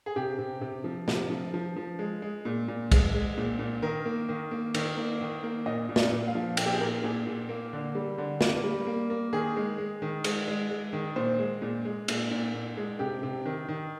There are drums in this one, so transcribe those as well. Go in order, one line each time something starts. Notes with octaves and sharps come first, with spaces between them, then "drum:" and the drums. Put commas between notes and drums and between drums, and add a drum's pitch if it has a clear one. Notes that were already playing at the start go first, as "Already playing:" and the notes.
G#4
C3 G4
C3
C3
F3
C3, drum: snare
F3
F3
F3
G#3
G#3
A#2
A#2
G#3, drum: kick, cymbal
G#3
A#2
A#2
D#3 A#4
A#3
D#3
A#3
D#3, drum: cymbal
A#3
D#3
A#3
A#2 D#5
A#2
D5, drum: snare
A#2
F5
F3
A#2 G5, drum: cymbal
G4
G#4
A#2 A#4
A#2 G#4
A#2
A#3
D3
G3
D3
A#3, drum: snare
G3
A#3
A#3
D#3 G#4
G#3
G#3
D#3
G#3, drum: cymbal
G#3
G#3
D#3
A#2 C5
G#3
A#2
G#3
A#2, drum: cymbal
A#2
A#2
G#3
C3 G4
C3
D#3
D#3